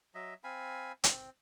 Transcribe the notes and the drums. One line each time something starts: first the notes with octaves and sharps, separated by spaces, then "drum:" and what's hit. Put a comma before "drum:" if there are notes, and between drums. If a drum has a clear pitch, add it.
F#3 D#5 E5
C4 F5 G#5 B5
C4, drum: hi-hat